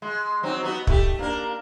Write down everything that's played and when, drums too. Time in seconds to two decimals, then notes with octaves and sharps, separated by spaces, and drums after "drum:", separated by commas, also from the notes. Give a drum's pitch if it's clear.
0.02 G#3
0.43 F#3 C4 D#4
0.63 B3 D#4 F#4
0.87 A3 E4 G4, drum: kick
1.19 A#3 D4 A#4